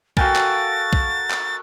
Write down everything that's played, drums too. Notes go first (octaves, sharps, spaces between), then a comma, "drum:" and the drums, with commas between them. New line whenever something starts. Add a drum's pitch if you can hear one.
F#4 A4 A#4 F5 G5 G#5 A6, drum: kick
drum: clap
drum: kick
drum: clap